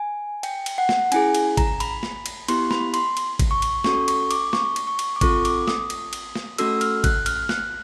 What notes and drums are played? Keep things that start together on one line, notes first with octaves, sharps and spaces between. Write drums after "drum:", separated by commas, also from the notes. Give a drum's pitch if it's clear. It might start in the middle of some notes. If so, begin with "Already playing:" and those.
Already playing: G#5
G5, drum: cymbal
drum: cymbal
F#5
drum: snare
C#4 E4 G#4 G#5, drum: cymbal
drum: cymbal
A#5, drum: kick G#1, cymbal
B5, drum: cymbal
drum: snare
drum: cymbal
B3 E4 G4 C6, drum: cymbal
B5, drum: snare
C6, drum: cymbal
drum: cymbal
drum: kick G#1, cymbal
C#6
drum: cymbal
C#4 F#4 A4 C#6, drum: snare
C#6, drum: cymbal
D6, drum: cymbal
C#6, drum: snare
drum: cymbal
C#6
drum: cymbal
D6
C4 F4 A4 C#6, drum: kick G#1, cymbal
D6, drum: cymbal
D#6, drum: snare
drum: cymbal
drum: cymbal
drum: snare
A3 C#4 F#4 A4 E6, drum: cymbal
F6, drum: cymbal
F#6, drum: kick G#1, cymbal
F6, drum: cymbal
F#6, drum: snare